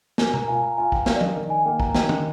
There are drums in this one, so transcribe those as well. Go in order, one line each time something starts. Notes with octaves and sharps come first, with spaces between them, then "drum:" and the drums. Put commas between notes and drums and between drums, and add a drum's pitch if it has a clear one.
A#4 G#5, drum: snare
A#5, drum: tom B2
F4 G#5
A#5
F4 G#5
G5, drum: kick
A#4 F5, drum: snare
D5
D#5, drum: tom F3
D#3
G#5
A#3 G5
A#5, drum: kick
D#3 G5, drum: snare
drum: tom